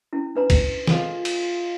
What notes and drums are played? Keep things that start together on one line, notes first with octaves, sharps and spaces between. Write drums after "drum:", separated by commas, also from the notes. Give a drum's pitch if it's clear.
C#4 E4
D4 B4 A#5
drum: kick, cymbal
G#3 F4 A4, drum: snare
drum: cymbal